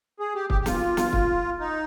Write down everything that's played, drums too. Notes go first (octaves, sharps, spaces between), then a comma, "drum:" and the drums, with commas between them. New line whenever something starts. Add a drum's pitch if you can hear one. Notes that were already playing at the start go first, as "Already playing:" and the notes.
G#4
G4
G4, drum: kick
G4
F4, drum: snare
drum: snare
drum: kick
D#4